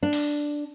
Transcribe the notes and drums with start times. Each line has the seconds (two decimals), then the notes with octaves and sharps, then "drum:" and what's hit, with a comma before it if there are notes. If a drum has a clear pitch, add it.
0.03 D4
0.13 drum: open hi-hat